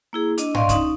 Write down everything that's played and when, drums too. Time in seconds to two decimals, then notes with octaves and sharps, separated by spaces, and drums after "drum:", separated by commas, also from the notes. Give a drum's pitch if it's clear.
0.13 A#3 E4 G#4
0.38 D4 D#5, drum: hi-hat
0.55 D5 D#5 F5 C6 C#6, drum: tom G#2
0.69 C#4 D#4, drum: kick C2, hi-hat